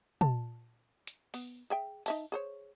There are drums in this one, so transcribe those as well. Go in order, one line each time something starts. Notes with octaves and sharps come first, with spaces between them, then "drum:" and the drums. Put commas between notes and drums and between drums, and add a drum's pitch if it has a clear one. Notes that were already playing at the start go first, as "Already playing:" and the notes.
A5, drum: tom
drum: hi-hat
B3, drum: open hi-hat
G#4 E5 G5
D#4 E5 A5, drum: open hi-hat
G#4 C5 C#5